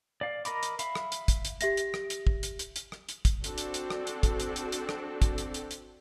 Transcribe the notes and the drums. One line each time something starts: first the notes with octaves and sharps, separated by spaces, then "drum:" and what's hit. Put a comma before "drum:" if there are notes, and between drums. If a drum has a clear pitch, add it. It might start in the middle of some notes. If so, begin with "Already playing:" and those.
D5 F5
A#4 D#5 B5 D6, drum: hi-hat
drum: hi-hat
E5 F5 B5, drum: hi-hat
drum: rim click
drum: hi-hat
drum: kick, hi-hat
drum: hi-hat
G4 E5 A#6, drum: hi-hat
drum: hi-hat
drum: rim click
drum: hi-hat
drum: kick
drum: hi-hat
drum: hi-hat
drum: hi-hat
drum: rim click
drum: hi-hat
drum: kick, hi-hat
C4 D4 F#4 A4, drum: hi-hat
drum: hi-hat
drum: hi-hat
drum: rim click
drum: hi-hat
drum: kick, hi-hat
drum: hi-hat
drum: hi-hat
drum: hi-hat
drum: rim click
drum: kick, hi-hat
drum: hi-hat
drum: hi-hat
drum: hi-hat